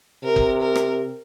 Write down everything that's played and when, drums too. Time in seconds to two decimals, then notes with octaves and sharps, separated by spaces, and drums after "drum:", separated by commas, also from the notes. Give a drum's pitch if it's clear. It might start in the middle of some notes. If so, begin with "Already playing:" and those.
0.24 C3 A#4
0.36 drum: kick F#1
0.62 A#4
0.76 drum: rim click